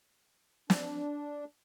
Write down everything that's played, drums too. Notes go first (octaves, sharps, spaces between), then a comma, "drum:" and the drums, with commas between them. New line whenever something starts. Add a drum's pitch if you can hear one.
D4, drum: snare